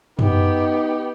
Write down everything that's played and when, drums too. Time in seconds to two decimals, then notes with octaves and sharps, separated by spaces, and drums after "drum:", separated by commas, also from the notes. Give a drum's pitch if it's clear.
0.19 B3 D#4 G4, drum: tom F#2